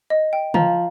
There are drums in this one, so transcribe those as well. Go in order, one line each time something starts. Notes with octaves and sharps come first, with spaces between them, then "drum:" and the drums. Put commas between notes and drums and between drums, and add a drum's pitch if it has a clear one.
D#5
G5
F3 A#5, drum: tom